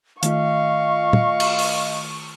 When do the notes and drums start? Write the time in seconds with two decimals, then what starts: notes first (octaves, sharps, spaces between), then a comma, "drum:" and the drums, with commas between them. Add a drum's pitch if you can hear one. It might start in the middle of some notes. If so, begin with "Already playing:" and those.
0.23 D#3 A3 F4 D#5 F5 C#6, drum: hi-hat
1.13 drum: tom
1.40 drum: cymbal
1.59 drum: open hi-hat